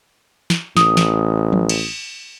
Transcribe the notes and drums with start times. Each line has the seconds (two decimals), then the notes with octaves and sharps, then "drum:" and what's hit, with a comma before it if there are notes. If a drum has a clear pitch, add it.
0.50 drum: snare
0.77 A1 D#6, drum: snare
0.97 drum: snare
1.53 drum: tom F3
1.69 drum: cymbal